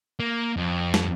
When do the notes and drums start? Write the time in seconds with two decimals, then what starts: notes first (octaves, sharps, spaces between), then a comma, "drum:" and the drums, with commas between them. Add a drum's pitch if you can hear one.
0.20 A#3
0.57 F2
0.94 drum: snare